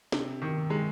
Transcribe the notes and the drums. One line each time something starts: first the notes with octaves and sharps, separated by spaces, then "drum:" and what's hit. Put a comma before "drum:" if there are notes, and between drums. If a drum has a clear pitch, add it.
C3, drum: snare
D#3
G#3